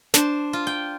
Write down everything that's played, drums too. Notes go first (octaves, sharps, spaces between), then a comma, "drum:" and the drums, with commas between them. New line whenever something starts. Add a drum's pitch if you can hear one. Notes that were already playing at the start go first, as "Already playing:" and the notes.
D4 C5, drum: snare
F4
G5